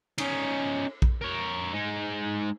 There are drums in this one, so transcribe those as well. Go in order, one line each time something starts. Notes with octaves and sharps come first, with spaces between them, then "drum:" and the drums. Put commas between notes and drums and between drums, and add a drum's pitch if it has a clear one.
C#4 D#4, drum: cymbal
drum: kick A#1
A#4 C#5
G#3 D#4